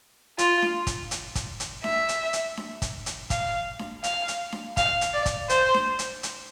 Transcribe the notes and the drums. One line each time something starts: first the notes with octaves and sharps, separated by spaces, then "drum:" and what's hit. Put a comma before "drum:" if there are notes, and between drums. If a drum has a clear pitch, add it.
F4, drum: hi-hat
drum: snare D4
drum: kick, hi-hat
drum: hi-hat
drum: kick, hi-hat
drum: hi-hat
E5, drum: snare D4
drum: hi-hat
drum: hi-hat
drum: snare D4
drum: kick, hi-hat
drum: hi-hat
F5, drum: kick, hi-hat
drum: snare D4
F5, drum: hi-hat
drum: hi-hat
drum: snare D4
F5, drum: kick, hi-hat
drum: hi-hat
D5
drum: kick, hi-hat
C5, drum: hi-hat
drum: snare D4
drum: hi-hat
drum: hi-hat